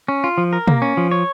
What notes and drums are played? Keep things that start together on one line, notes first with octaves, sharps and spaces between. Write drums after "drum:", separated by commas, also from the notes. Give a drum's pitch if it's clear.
C#4
F4
F3
A#4
A#3, drum: tom
C#4
F3
C#5